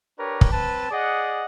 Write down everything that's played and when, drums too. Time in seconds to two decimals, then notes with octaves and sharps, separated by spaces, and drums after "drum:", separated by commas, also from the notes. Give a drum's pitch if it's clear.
0.18 D4 G4 A#4 B4 C#5
0.41 drum: kick
0.52 C4 B4 A5
0.91 G#4 D5 D#5 F#5